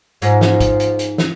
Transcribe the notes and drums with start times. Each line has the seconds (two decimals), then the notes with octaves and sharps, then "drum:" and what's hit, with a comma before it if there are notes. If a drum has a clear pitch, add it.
0.22 G#2 F3, drum: hi-hat
0.41 drum: snare
0.61 drum: kick G#1, hi-hat
0.80 drum: hi-hat
0.99 drum: hi-hat
1.18 drum: snare